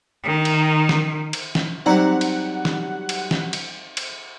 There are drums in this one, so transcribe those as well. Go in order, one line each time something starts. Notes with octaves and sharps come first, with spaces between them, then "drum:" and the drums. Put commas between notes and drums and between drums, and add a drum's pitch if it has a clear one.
D#3
drum: cymbal
drum: snare
drum: cymbal
drum: snare
F#3 G3 C4 D#4 G4 D5 F#5 A#5
drum: cymbal
drum: snare
drum: cymbal
drum: snare
drum: cymbal
drum: cymbal